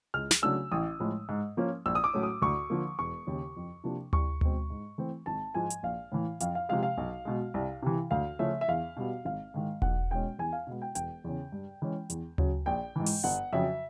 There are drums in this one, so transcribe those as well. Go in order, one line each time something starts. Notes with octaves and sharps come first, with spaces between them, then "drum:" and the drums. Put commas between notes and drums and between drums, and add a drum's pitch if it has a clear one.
C#2 F6
drum: snare
C#3 F#3 A3 D4 E6
A1 D#6
A2 F3 G#3
G#2
F3 A#3 C#4
A#1 E6
D#6
D6
A2 F#3 A3 C#4
D#6
D2 C#6
D3 F3 A#3
E1 C#6
D#2 C#3
F2
C3 F3 A#3 D4
C2 C#6, drum: tom D2
B2 G#3 C4, drum: tom D2
G#2
E3 A3 C4
G#1 A5
G#2 F3 G#3 G#5
drum: hi-hat
A#1 F5
A2 E3
F2 F5, drum: hi-hat
F5
C3 F3 G#3 F5
F5
B1
B2 G#3
C2
C3 E3
D2 F5
C#3 F3 A3 C#4 E5
E5
E2 F5
B2 G3 B3
G#1 F5
G#2 D#3 G#3
B1 F#5, drum: kick E1
B2 G#3 C#4 G5
E2 G#5
F5
B2 G#3 B3
G5
E1 G5, drum: hi-hat
E2 C#3
G2
E3 G#3 C#4
E2, drum: hi-hat
C#3 F#3, drum: tom D2
A#1 G5
G#2 E3
drum: open hi-hat
G1 F#5
F2 C#3 F#3 E5